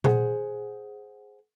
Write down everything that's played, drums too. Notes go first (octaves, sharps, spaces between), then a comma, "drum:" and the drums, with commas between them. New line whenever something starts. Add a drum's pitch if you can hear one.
G#4 C5 F#5, drum: tom A#2